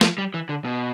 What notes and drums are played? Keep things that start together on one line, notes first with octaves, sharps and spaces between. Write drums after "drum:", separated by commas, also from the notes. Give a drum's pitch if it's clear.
F3, drum: snare
G3
E3
D3
B2